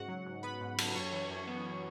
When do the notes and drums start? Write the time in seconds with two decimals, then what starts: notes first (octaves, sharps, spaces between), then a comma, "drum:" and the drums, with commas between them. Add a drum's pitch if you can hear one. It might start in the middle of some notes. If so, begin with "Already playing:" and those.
Already playing: G#2 C#3 F#4 F#5
0.08 F#3
0.26 G#2
0.43 B3 B4 B5
0.61 G#2
0.78 F#3, drum: cymbal
0.95 F#2 C#5 C#6
1.13 E3
1.30 F#2
1.47 B3